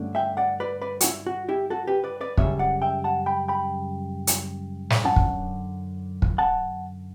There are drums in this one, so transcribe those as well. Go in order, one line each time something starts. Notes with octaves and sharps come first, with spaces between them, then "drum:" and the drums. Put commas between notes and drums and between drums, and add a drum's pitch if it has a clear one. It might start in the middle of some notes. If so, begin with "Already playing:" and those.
Already playing: G2 D3 A3 C#4
E5 G5
D5 F#5
B4 D5
B4 D5
F#4, drum: hi-hat
E4
F#4
E4 G4
F#4 A4
G4 B4
B4 D5
B4 D5
F#2 C#3 E3 G3 B3 C#5 E5, drum: kick
D5 F#5
E5 G5
F#5 A5
G5 B5
G5 B5
drum: hi-hat
drum: snare
F#2 D3 F#3 C#4 F#5 A5
drum: kick
drum: kick
F#5 A5